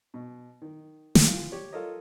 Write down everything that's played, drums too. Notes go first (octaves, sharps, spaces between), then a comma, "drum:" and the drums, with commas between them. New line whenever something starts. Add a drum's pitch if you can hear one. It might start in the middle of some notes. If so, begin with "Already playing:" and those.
B2
D#3
drum: snare
E3 F4
G4 C#5
F4 A4 A#4 C#5 D#5